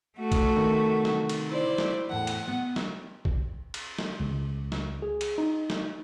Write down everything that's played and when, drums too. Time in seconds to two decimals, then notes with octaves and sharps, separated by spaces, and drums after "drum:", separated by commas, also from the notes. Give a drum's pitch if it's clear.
0.18 A3 F#4 A4
0.32 drum: kick, cymbal
0.56 C3 D#3
1.05 drum: snare
1.29 drum: cymbal
1.48 E4 C5 D5
1.78 drum: snare
2.09 E2 A2 F#5
2.27 drum: cymbal
2.47 B3
2.76 drum: snare
3.25 drum: kick
3.74 drum: cymbal
3.99 drum: snare
4.20 C#2
4.72 drum: snare
5.02 G#4
5.21 drum: cymbal
5.38 D#4
5.70 drum: snare